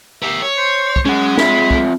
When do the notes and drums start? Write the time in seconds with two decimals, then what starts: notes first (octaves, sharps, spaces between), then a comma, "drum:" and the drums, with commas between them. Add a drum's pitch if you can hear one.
0.22 G4 A#4 E5
0.42 C#5
0.57 C5
0.96 drum: kick
1.06 G#3 C#4 F#5
1.38 C4 F4 E5 B5, drum: snare
1.71 drum: kick